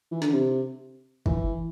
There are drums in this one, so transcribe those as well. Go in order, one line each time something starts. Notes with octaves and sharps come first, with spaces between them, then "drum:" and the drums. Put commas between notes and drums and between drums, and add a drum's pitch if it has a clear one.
E3
D3, drum: snare
C3
E3, drum: kick